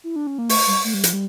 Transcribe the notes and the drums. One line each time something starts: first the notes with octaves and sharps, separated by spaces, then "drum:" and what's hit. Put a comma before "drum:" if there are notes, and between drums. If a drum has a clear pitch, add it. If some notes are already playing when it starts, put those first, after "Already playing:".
E4
D4
C#4
A#3
A3 C#6, drum: open hi-hat
G3
A3
G3
F3, drum: hi-hat
G3